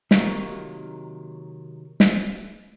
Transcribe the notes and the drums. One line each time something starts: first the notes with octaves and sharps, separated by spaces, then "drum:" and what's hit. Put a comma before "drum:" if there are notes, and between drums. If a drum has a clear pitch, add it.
C3 D#3 F#3 A#3 D#4 F4, drum: snare
drum: snare